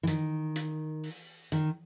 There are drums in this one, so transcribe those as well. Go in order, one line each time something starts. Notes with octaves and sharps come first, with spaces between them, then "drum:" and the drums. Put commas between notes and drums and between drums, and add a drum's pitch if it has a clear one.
E3
D#3, drum: hi-hat
drum: hi-hat
drum: open hi-hat
D#3, drum: hi-hat